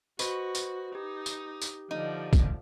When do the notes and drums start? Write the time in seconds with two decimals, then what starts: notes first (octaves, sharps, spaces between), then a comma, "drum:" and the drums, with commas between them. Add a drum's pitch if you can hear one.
0.19 F#4 B4 C5 D#5 C#6, drum: tambourine
0.55 drum: tambourine
0.95 D#4 G4
1.26 drum: tambourine
1.62 drum: tambourine
1.91 D3 F3 D#4
2.33 drum: kick, tambourine